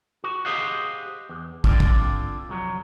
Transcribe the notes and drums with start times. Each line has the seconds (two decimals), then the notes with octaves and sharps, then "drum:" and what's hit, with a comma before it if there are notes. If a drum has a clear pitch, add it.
0.24 F#4
0.45 G4 G#4 C5 D#5 F5 F#5
1.29 E2
1.64 D3 C4 F4 D5, drum: kick
1.80 drum: kick
2.49 C2 F2 F#3